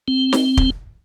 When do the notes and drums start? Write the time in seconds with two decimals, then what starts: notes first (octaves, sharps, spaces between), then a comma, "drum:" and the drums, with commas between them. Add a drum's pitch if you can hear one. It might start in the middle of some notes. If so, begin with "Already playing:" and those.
0.08 C4
0.33 drum: snare
0.57 drum: kick